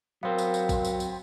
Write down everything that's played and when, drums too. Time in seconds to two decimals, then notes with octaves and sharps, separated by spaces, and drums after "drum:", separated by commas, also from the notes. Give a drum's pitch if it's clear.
0.23 F#3 B3 C4 A#4 C5 F5
0.38 drum: tambourine
0.54 drum: tambourine
0.69 drum: kick A1, tambourine
0.85 drum: tambourine
1.00 drum: tambourine